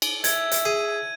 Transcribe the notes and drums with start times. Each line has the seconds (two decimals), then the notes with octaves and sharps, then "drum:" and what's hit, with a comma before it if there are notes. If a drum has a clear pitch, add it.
0.02 drum: cymbal
0.24 E5 G#6, drum: hi-hat
0.51 drum: hi-hat
0.65 G#4 D#7